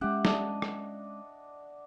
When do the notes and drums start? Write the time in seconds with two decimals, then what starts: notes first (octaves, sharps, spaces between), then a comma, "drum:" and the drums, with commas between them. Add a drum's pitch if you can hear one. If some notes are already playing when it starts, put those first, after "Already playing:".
0.01 G#3 C#4 G4 E5 F#5
0.25 D4 D#5 F#5, drum: snare
0.62 drum: rim click